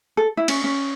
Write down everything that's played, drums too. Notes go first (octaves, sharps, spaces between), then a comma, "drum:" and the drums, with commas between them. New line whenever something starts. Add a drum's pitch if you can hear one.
A4
E4
C#4, drum: cymbal
C#4